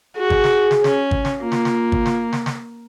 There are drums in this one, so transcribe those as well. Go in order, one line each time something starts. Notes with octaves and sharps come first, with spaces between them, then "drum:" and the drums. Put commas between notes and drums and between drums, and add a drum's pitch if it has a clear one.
F#4 G#4
drum: kick
drum: snare
drum: snare
C#4, drum: snare
drum: kick
drum: snare
A#3 F4
drum: snare
drum: snare
drum: kick
drum: snare
drum: snare
drum: snare